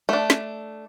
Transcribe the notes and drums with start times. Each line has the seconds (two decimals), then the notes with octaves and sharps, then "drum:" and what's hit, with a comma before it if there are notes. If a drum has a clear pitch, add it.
0.09 A3 D4
0.30 drum: snare